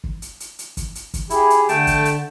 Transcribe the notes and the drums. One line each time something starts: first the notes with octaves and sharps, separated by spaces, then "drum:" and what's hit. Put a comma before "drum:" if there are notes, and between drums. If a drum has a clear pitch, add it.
drum: kick
drum: hi-hat
drum: hi-hat
drum: hi-hat
drum: kick, hi-hat
drum: hi-hat
drum: kick, hi-hat
E4 G4 G#4, drum: hi-hat
drum: hi-hat
D3 A3 G5 A5, drum: hi-hat
drum: kick, hi-hat
drum: hi-hat